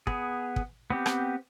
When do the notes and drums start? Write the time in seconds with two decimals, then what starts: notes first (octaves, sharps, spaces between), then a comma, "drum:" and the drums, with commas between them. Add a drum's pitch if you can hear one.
0.07 B3 G#4, drum: kick
0.56 drum: kick
0.90 B3 C4 G4
1.06 drum: rim click